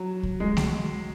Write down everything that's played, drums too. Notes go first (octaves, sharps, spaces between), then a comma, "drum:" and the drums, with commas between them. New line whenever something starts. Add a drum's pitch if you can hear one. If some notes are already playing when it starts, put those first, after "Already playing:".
Already playing: F#3
drum: kick C2
G#3
drum: snare A3